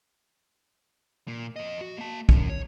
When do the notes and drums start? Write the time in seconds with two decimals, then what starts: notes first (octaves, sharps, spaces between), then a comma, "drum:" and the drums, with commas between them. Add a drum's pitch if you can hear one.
1.28 A#2
1.56 F2 D#5
1.81 F#4
1.98 A#3 A5
2.29 F#3 C#4, drum: kick
2.49 C#5